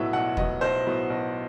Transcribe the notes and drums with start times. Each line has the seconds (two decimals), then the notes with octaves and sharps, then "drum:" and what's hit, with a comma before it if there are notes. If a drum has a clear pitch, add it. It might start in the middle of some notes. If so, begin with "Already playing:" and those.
Already playing: B1 A2 F#3 B3 E5
0.13 B1 F#5
0.37 A2 F#3 B3 D#5, drum: kick
0.61 B1 C5
0.85 A2 F#3 B3
1.10 B1